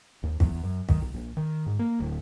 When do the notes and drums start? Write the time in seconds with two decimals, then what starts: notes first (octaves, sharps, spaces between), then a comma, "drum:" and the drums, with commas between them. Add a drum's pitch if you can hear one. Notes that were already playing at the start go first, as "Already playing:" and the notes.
0.23 D#2
0.40 E2, drum: kick
0.63 F#2
0.89 D#3, drum: kick
1.02 B1
1.14 A#1
1.37 D#3
1.66 G#2
1.79 A#3
2.00 D1